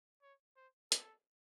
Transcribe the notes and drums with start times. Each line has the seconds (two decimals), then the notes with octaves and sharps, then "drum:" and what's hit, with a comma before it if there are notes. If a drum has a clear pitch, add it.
0.23 C#5
0.57 C5
0.92 A4, drum: hi-hat